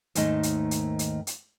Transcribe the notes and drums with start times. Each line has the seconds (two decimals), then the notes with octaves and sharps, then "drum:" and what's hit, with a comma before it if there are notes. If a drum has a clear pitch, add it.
0.15 D#2 G#2 D#3 A3 D#4, drum: hi-hat
0.43 drum: hi-hat
0.71 drum: hi-hat
0.99 drum: hi-hat
1.27 drum: hi-hat